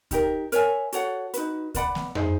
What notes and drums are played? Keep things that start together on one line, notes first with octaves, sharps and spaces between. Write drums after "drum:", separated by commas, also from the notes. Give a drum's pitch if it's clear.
D#4 G4 A#4, drum: kick C#2, hi-hat
A#4 C#5 E5 G#5, drum: hi-hat
F#4 A4 C#5 F#5, drum: hi-hat
D#4 F#4 B4, drum: hi-hat
B4 D5 F#5 B5, drum: kick C#2, hi-hat
drum: snare A3
D#4 G#4 C5 E5, drum: tom F2